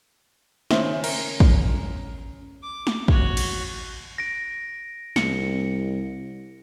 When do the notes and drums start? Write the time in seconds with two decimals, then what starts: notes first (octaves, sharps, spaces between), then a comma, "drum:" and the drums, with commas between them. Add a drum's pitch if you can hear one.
0.71 D#3 C#4 E4 C5, drum: snare
1.04 A#4, drum: cymbal
1.40 drum: kick
2.62 D6
2.87 drum: snare
3.08 F#4 C#5, drum: kick
3.37 drum: cymbal
4.18 A#6 D7
5.16 C2 C#7, drum: snare